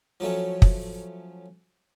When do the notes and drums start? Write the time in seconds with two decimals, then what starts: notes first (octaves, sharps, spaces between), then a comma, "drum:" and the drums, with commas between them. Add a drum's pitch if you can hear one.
0.20 F3 F#3 A3 C#4
0.62 drum: kick